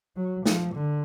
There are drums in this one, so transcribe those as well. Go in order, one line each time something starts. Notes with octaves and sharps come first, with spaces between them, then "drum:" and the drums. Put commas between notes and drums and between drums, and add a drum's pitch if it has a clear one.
F#3
F3, drum: snare
D3